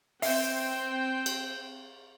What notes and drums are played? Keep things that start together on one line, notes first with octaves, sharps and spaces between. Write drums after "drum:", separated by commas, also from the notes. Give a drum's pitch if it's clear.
C4 C5 E5 G5, drum: open hi-hat
drum: cymbal